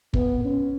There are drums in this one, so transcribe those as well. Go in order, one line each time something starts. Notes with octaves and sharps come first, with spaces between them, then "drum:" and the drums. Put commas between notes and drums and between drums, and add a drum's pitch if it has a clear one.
B3, drum: kick
C#4